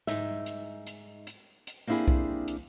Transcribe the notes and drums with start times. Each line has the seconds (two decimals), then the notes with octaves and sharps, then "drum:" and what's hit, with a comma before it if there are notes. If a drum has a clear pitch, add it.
0.07 G#2 D#4 E5, drum: snare
0.46 drum: hi-hat
0.87 drum: hi-hat
1.27 drum: hi-hat
1.67 drum: hi-hat
1.87 A#3 C4 D4 E4 G4 G#4
2.08 drum: kick B1
2.48 drum: hi-hat